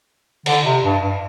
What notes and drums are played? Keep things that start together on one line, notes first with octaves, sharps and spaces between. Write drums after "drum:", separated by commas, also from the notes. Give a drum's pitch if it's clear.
D3, drum: cymbal
C3
G2
G2